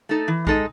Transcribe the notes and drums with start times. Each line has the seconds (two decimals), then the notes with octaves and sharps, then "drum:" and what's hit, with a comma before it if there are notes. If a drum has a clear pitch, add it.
0.09 A3 D#4 A4
0.28 E3
0.47 G#3 D#4 A4 D#5, drum: kick A#1